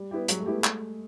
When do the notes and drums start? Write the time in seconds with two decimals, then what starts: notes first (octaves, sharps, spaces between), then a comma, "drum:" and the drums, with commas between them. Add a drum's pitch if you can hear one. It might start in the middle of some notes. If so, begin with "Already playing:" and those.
Already playing: G3
0.11 B3 E4 G4
0.28 F#3 G#3, drum: hi-hat
0.40 A3
0.46 B3 E4 G4
0.64 drum: clap